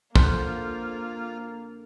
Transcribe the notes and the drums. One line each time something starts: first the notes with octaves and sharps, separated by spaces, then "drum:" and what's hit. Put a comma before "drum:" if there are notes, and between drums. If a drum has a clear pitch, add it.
F2 D3 A#3 F4 C5 C6 F#6, drum: kick